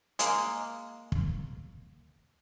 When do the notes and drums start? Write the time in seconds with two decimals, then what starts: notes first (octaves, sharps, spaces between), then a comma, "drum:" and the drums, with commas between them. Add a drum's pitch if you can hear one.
0.19 G#3 A#3, drum: hi-hat
1.12 drum: kick